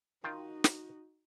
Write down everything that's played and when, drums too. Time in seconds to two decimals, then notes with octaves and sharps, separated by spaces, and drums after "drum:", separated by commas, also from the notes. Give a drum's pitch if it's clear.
0.24 D#3 D#4 F4 F#4 G5
0.64 drum: snare